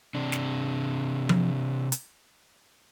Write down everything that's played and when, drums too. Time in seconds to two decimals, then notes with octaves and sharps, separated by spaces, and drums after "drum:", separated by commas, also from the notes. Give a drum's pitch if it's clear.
0.15 C3 D4
0.32 drum: snare
1.29 drum: tom F3
1.92 drum: hi-hat